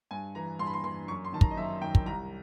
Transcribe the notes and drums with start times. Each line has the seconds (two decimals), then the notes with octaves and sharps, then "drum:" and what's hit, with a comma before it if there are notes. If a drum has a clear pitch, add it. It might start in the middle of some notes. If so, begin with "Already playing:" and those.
0.11 G2 G#5
0.35 E3 A#5
0.59 G2 C6
0.67 B5
0.74 C6
0.84 E3 C6
1.08 F#2 C#6
1.25 C6
1.33 D#3 A5
1.41 A#5, drum: kick
1.51 D#5
1.57 F#2 E5
1.82 D#3 G5
1.95 drum: kick
2.06 C2 A#5